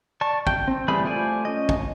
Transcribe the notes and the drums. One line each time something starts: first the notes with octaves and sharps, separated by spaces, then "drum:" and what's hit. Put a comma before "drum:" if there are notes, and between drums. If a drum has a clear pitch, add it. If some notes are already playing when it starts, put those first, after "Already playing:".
D5 A5 C#6
G5, drum: kick
C4
E3 G3 A3 G#4 B5
A3 F4 C5 D5 G#5
C#4 D#5
drum: kick